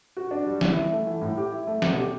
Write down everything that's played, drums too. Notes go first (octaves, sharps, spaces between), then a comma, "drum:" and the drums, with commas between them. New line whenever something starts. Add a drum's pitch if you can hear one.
F#4
D4
G3
E3, drum: snare
E4
A3
E3
A2
G4
E4
A3
B2, drum: snare
G4